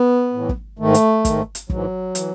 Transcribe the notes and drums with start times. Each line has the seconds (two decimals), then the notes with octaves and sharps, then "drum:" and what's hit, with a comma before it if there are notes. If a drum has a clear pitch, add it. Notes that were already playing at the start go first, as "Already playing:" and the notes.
Already playing: B3
0.33 A2 E3
0.49 drum: kick
0.79 G#2 D#3 A3
0.94 drum: hi-hat
1.25 G#2 D#3, drum: kick, hi-hat
1.55 drum: hi-hat
1.70 G#2 E3 F#3, drum: kick
2.15 E3, drum: hi-hat